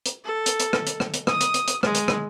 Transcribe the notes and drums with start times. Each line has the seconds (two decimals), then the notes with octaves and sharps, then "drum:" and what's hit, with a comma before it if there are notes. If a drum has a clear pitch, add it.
0.06 drum: hi-hat
0.25 A4
0.46 drum: hi-hat
0.60 drum: hi-hat
0.73 drum: rim click
0.87 drum: hi-hat
1.00 drum: rim click
1.14 drum: hi-hat
1.27 D#6, drum: rim click
1.41 drum: hi-hat
1.54 drum: hi-hat
1.68 drum: hi-hat
1.83 G#3, drum: rim click
1.95 drum: hi-hat
2.08 drum: rim click